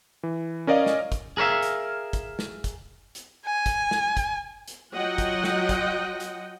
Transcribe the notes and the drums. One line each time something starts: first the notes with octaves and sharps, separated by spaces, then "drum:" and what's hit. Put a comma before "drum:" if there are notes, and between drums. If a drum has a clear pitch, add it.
E3
C#4 A#4 D5 D#5 F5
drum: snare
drum: kick, hi-hat
G#4 A#4 C#5 E5 F5
drum: hi-hat
drum: kick, hi-hat
drum: snare
drum: kick, hi-hat
drum: hi-hat
G#5
drum: kick, hi-hat
drum: snare
drum: kick, hi-hat
drum: hi-hat
F#3 F4 D#5 F#5 G5
drum: kick, hi-hat
drum: snare
drum: kick, hi-hat
drum: hi-hat